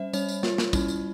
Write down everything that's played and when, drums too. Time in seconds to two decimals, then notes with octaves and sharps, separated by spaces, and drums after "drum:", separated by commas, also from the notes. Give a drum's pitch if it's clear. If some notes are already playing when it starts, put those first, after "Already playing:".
Already playing: G3 C#4 C5 E5
0.13 G3 C#4 C#5, drum: tambourine
0.28 drum: tambourine
0.43 F4, drum: snare
0.58 drum: snare
0.73 G3 C#4 E4, drum: kick, tambourine
0.88 drum: tambourine